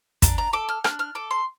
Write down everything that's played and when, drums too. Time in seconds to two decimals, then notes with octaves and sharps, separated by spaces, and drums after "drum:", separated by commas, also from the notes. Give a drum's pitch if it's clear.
0.22 D4 A#5, drum: kick, hi-hat
0.38 A#5
0.53 A4 D6
0.69 F6
0.84 D4 F6, drum: rim click
0.99 F6
1.15 A4 D6
1.31 C6